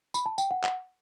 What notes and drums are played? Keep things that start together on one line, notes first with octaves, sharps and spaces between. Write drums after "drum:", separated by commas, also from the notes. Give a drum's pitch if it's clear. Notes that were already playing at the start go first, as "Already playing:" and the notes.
B5, drum: tambourine
A5
G5, drum: tambourine
F#5
F#5, drum: clap